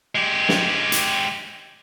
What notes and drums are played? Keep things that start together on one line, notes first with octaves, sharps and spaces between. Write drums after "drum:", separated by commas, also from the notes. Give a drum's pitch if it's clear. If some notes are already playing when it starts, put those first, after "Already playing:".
G#3 G4
drum: snare
drum: hi-hat